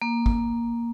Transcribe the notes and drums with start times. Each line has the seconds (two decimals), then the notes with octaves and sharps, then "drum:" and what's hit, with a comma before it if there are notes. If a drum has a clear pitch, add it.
0.02 A#3
0.26 drum: kick